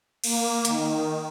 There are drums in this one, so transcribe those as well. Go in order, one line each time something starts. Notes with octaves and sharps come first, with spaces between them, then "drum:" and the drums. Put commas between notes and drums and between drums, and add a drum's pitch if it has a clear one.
A#3, drum: cymbal
D#3, drum: hi-hat